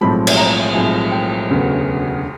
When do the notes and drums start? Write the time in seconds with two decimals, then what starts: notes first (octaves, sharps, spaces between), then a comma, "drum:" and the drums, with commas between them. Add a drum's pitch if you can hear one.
0.01 B1 A2 F3 G#3 C4 B5
0.27 drum: cymbal
0.37 A#5
0.74 B1 A2 F3 G#3 C4 G#5
1.12 G5
1.49 E1 D2 C#3 F#3 B3